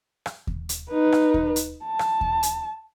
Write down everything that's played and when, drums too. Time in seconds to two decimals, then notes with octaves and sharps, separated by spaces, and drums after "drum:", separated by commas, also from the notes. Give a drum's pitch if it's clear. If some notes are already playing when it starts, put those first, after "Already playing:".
0.26 drum: rim click
0.47 drum: kick D#2
0.69 drum: hi-hat
0.91 D#4 B4
1.12 drum: rim click
1.34 drum: kick D#2
1.56 drum: hi-hat
1.85 A5
1.99 drum: rim click
2.21 drum: kick D#2
2.43 drum: hi-hat